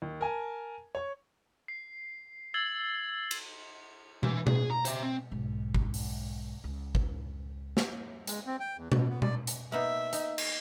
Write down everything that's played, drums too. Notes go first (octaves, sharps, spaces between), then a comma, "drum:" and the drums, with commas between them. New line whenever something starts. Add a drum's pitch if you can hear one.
D#2
A#4 G#5 A5
C#5 C#6
C7
E6 G#6 A6 C7 F#7 G7
drum: cymbal
E3, drum: tom B2
G#4, drum: tom B2
A#5
C5 E5, drum: hi-hat
C4
B1 G#2
drum: kick
drum: open hi-hat
C#2
drum: kick
drum: snare
G#3, drum: hi-hat
C4
G5
E2
B2, drum: tom B2
B3
D5, drum: tom B2
drum: hi-hat
A#3 B3 D#4 E5
D#4, drum: hi-hat
drum: cymbal